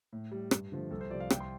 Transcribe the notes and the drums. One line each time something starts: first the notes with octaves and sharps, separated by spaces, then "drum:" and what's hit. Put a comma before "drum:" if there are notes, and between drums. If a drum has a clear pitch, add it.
A2
G3
G2, drum: rim click
D3 F3 A3
C2 A4
C5
C3 F3 D5
F5
C2 G5, drum: rim click
C6